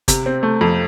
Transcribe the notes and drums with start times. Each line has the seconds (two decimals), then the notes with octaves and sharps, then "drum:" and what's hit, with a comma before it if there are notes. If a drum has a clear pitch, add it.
0.08 C3, drum: kick G1, hi-hat
0.26 C4
0.43 A3
0.61 F2